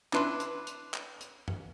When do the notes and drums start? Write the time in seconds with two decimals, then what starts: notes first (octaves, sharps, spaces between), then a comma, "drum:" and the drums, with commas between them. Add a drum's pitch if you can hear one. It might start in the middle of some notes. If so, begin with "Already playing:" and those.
0.13 D4 E4 B4 C6, drum: clap
0.40 drum: hi-hat
0.67 drum: hi-hat
0.94 drum: clap
1.21 drum: hi-hat
1.48 drum: tom F#2